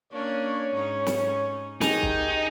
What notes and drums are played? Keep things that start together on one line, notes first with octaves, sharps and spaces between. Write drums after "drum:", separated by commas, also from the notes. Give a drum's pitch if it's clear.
A#3 C#4 D4 C#5
G#2 C#4 D#4
drum: snare
D#3 D#4 G4 G#4 G#5, drum: snare
drum: kick B1